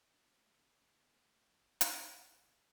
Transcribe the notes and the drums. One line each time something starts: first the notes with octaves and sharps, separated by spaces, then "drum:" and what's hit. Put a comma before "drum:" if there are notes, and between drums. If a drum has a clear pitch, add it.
G1 B3 D4
D4
A3 C#4
D3
B3 D4
D3 A3 C#4
B3 D4
D3
B3
A3 C#4
G1 B3 D4
G1, drum: hi-hat
G1
D3